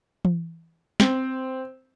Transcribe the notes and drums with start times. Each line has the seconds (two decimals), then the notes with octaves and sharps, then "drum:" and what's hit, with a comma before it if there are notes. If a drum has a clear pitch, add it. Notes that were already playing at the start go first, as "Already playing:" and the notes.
0.25 drum: tom E3
1.00 C4, drum: snare